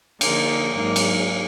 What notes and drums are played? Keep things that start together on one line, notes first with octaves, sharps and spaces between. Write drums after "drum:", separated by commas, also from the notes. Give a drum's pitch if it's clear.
D3 F3 A#3 D#4, drum: cymbal
G#2 F#3 A#3
drum: cymbal